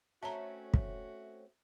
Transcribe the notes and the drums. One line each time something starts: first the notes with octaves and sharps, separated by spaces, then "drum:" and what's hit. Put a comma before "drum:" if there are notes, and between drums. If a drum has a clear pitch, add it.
A3 C4 C#4 F#4 E5 A5 A#5
drum: kick